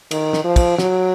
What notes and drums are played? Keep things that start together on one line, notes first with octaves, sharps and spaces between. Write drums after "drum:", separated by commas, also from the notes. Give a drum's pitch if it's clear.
D#3, drum: cymbal
drum: snare
F3
drum: kick, cymbal
F#3, drum: snare